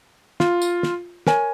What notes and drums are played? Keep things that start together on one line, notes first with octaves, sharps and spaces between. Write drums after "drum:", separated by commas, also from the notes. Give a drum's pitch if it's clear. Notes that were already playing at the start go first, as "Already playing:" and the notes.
F4, drum: snare
drum: tambourine
drum: snare
A#4 C#5 G#5, drum: snare